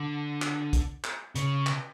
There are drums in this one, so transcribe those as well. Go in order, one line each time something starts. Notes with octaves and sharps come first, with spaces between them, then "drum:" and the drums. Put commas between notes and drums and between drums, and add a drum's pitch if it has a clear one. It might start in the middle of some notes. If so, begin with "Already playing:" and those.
Already playing: D3
drum: clap
drum: kick, hi-hat
drum: clap
C#3, drum: hi-hat
drum: clap